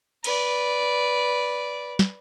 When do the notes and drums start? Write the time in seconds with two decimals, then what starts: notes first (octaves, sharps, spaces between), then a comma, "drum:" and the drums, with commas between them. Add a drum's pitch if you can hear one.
0.24 B4 D5, drum: cymbal
1.99 drum: snare